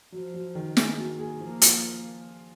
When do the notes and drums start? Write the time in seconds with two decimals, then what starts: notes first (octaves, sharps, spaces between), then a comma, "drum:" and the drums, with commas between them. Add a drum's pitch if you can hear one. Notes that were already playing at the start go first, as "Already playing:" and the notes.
0.12 F3 F#3
0.34 F#3
0.55 D#3
0.77 A#3 G#4, drum: snare
0.98 F#3
1.19 G#4
1.40 F3 A#3
1.62 F4, drum: hi-hat